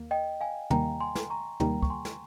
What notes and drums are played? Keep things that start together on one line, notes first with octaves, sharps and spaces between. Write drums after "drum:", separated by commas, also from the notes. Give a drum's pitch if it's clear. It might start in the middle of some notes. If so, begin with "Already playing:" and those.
Already playing: D#2 A#3
D#5 G5
F5 G#5
D#2 D#3 G3 A#3 G5 A#5, drum: tom
G#5 C6
drum: snare
A#5 C#6
D#2 D#3 G3 A#3 G5 A#5, drum: tom
C#6, drum: kick
G#5 C6
drum: snare